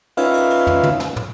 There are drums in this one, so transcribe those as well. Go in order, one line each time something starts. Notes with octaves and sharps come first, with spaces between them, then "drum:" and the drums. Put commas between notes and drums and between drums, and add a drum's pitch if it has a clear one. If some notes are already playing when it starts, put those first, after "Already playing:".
C#4 D#4 F4 B4 E5 F5, drum: cymbal
drum: cymbal
drum: cymbal
drum: tom
drum: tom
drum: snare
drum: tom